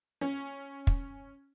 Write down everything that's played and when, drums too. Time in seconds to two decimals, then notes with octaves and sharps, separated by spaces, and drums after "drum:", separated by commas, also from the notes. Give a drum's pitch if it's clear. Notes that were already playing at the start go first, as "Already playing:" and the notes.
0.21 C#4
0.87 drum: kick